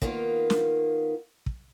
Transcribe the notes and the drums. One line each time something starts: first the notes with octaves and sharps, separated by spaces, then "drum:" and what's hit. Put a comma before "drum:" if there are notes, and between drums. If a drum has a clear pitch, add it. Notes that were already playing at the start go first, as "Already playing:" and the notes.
D#3 A#3 B3 F4, drum: kick
drum: snare
drum: kick